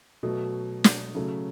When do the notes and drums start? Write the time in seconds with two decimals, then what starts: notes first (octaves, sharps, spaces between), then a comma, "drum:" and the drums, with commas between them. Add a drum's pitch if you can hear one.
0.23 B2 F#3 A3
0.84 drum: snare
1.15 C#3 F#3 A3